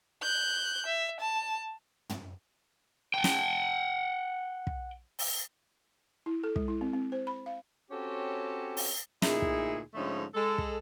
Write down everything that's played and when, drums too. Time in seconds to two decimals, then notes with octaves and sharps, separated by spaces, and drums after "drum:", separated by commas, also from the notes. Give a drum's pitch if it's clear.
0.22 F#6 G6
0.86 E5
1.20 A5
2.09 drum: tom
3.14 F#5 G5
3.24 drum: snare
4.67 drum: kick
5.19 drum: open hi-hat
6.26 E4
6.44 A4
6.56 G#3, drum: kick
6.68 E4
6.81 C4
6.93 C4
7.12 C5
7.27 B5
7.46 F5
7.90 C4 C#4 F#4 G4 A4 C#5
8.77 drum: open hi-hat
9.22 D2 A#2 D#4 E4 G#4, drum: snare
9.42 drum: kick
9.94 G#2 D3 F3 A3 C#4 D#4
10.34 G#3 A4
10.58 drum: kick